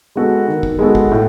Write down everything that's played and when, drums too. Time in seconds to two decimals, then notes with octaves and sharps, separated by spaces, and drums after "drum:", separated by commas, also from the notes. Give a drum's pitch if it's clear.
0.16 G#3 B3 F#4 A4
0.48 D#3
0.63 drum: kick
0.79 G#3 B3 F#4 A4
0.95 drum: kick
1.11 A2